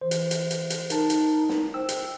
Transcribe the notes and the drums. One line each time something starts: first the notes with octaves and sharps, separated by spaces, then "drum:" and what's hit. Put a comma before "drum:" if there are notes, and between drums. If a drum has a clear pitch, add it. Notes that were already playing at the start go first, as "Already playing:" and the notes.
E3 C5
drum: hi-hat
drum: hi-hat
drum: hi-hat
drum: hi-hat
D#4 A#4 A5, drum: hi-hat
drum: hi-hat
drum: snare
C5 G5 E6
drum: hi-hat